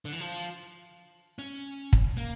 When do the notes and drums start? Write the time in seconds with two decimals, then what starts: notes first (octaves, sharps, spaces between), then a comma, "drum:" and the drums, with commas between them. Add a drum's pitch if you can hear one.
0.05 D3
0.13 E3
0.20 F3
1.39 C#4
1.93 drum: kick
2.17 A#3